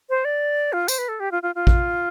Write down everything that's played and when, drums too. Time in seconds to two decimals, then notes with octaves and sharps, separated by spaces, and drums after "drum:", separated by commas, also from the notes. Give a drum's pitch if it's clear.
0.10 C5
0.25 D5
0.73 F4
0.88 C5, drum: tambourine
0.98 B4
1.09 A4
1.20 G4
1.32 F4
1.43 F4
1.55 F4
1.67 drum: kick A1